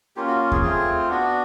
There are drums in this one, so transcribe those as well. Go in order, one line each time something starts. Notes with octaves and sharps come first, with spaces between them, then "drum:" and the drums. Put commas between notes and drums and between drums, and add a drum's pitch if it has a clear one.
A#3 C#4 F4 G4
F#4
G#4, drum: kick D#2
A3 C4 F4 G#4
B3 D4 F#4